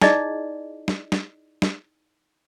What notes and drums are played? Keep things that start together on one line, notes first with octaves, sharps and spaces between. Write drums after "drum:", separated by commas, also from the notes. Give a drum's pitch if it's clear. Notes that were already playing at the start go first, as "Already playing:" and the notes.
D#4 E4 G#4 D5 D#5, drum: snare
drum: snare
drum: snare
drum: snare